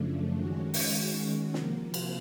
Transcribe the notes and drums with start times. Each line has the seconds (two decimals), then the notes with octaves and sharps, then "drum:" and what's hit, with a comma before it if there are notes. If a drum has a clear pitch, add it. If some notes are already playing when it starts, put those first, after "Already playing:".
Already playing: F#2 C#3 F3 A3 D4
0.37 D#3 G#3 C#4 F#4
0.74 drum: open hi-hat
1.54 C3 F3 A#3, drum: snare
1.94 drum: cymbal